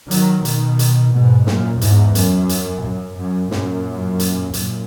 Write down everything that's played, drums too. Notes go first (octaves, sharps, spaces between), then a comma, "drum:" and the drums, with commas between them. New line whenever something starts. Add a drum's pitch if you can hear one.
D#3 F#3, drum: hi-hat
B2 D#3, drum: hi-hat
drum: hi-hat
G#2 B2
F#2 A#2, drum: snare
E2 G#2, drum: hi-hat
F#2, drum: hi-hat
drum: hi-hat
F#2
F#2
F#2 A#2, drum: snare
drum: hi-hat
F#2 A#2, drum: hi-hat